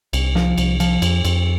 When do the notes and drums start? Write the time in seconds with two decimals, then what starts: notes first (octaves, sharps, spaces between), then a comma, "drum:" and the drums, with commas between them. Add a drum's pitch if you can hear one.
0.13 C2, drum: cymbal
0.35 F3, drum: snare
0.58 C2, drum: cymbal
0.80 F3, drum: cymbal
1.02 F2, drum: cymbal
1.25 F2, drum: cymbal